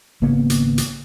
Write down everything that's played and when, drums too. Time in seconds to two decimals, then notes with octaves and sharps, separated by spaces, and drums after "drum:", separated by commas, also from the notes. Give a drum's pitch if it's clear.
0.22 G#1 C#3 A#3 B3
0.50 drum: hi-hat
0.78 drum: hi-hat